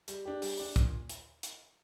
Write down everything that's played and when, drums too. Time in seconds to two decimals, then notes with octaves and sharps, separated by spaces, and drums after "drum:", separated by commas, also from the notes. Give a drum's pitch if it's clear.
0.08 G3, drum: hi-hat
0.25 D4 G4
0.42 G3, drum: open hi-hat
0.59 D4 G4
0.76 A#2, drum: kick, hi-hat
1.09 drum: hi-hat
1.43 drum: hi-hat